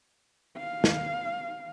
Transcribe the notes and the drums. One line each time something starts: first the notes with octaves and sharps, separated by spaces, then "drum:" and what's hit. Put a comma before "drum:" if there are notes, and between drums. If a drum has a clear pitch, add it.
F5
drum: snare